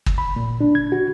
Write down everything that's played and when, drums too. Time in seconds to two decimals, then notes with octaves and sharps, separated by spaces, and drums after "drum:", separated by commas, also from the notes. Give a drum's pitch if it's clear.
0.06 drum: kick
0.18 B5
0.36 A#2
0.61 D4
0.75 G#6
0.92 F#4